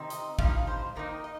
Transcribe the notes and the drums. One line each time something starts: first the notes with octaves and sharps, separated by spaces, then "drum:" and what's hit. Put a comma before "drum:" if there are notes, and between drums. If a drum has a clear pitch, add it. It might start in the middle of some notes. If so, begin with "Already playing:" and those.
Already playing: C3 D#3 C4 D#4
D#5, drum: hi-hat
G2 F3 D#4 F5, drum: kick
C5
D#3 A#3 D#4 A#4
D#5